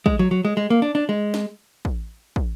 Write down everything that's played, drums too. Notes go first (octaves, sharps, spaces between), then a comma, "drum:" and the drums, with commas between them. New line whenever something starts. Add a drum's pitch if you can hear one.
G#3, drum: kick
F#3
F#3
G#3
G#3
A#3
D4
D4
G#3
drum: snare
drum: kick
drum: kick